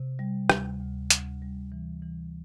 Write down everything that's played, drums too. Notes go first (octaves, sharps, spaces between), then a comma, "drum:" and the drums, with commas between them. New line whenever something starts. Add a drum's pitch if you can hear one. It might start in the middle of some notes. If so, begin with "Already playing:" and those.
Already playing: C3
G3
D2, drum: rim click
D2
D2, drum: hi-hat
G3
E3
E3